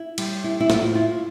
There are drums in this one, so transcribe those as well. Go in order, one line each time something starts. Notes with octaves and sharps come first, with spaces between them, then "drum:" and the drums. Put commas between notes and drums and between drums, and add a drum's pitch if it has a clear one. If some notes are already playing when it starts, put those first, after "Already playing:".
Already playing: E4
G3, drum: cymbal
E4
E4
A2 F4, drum: snare
E4 F4